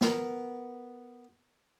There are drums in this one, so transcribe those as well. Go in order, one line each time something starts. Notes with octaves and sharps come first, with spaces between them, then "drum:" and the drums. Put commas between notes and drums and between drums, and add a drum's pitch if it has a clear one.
B3 A#4, drum: snare